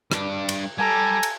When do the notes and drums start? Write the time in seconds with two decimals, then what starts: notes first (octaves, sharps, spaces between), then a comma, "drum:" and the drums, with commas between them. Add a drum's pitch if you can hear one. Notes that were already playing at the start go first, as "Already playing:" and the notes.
0.12 G2 D4, drum: rim click
0.49 drum: cymbal
0.79 G3 A4 G#5 A#5
1.23 drum: cymbal